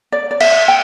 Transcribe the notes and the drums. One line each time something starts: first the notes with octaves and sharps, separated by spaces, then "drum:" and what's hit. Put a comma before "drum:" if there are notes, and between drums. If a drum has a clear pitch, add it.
D5
D5
E5, drum: cymbal
G5